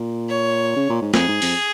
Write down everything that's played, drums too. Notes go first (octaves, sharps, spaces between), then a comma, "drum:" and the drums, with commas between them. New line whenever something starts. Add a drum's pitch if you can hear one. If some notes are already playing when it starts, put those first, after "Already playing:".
Already playing: A#2
C#5
C#3
A#2
G#2
F2 G#4, drum: snare
G#2
F2, drum: open hi-hat